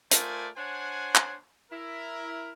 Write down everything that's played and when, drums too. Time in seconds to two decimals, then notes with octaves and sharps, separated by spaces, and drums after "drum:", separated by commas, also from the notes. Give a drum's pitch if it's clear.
0.11 A3 F4 A#4 C5 D5 G#5, drum: hi-hat
0.57 D4 C5 C#5 F#5 G#5
1.15 drum: clap
1.72 E4 A#4